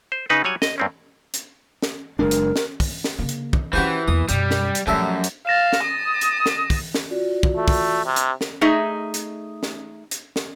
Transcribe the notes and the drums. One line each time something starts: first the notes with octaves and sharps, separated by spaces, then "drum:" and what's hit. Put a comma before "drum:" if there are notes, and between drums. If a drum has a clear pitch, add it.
C5
C#3 D#4 B4 C5
F#3 G3 C#5 F#5 G#5
D#5, drum: snare
G2 C4 C#4
drum: hi-hat
drum: snare
F#1 G#3 D4 A#4
drum: hi-hat
drum: snare
drum: kick, open hi-hat
drum: snare
C#3 A#3
drum: hi-hat
drum: kick
E3 C4 C#4 F#4 G4 C5
E2 A#3 D#6
F#2 B2 G3, drum: hi-hat
drum: snare
drum: hi-hat
F#2 F3 G3 A3 A4 E5
drum: hi-hat
F5 A6 A#6 E7
drum: snare
D#6
drum: hi-hat
drum: snare
drum: kick, open hi-hat
drum: snare
F4 F#4 D5
drum: kick
A3
drum: kick, open hi-hat
C3
drum: hi-hat
drum: snare
A3 D#4 G#4 D#5 E5
drum: hi-hat
drum: snare
drum: hi-hat
drum: snare